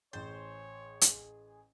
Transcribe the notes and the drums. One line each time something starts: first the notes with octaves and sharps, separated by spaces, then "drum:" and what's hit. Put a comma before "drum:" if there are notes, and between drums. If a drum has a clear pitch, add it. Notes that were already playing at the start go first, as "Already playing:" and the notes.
A1 G#4 C5 C#5 A6
drum: hi-hat